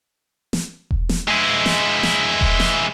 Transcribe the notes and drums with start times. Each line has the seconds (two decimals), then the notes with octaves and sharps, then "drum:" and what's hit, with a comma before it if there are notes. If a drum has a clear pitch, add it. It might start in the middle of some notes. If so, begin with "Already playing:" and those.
0.53 drum: snare
0.91 drum: kick E1
1.09 drum: snare
1.28 G#3 E4
1.66 drum: snare
2.03 drum: snare
2.41 drum: kick E1
2.60 drum: snare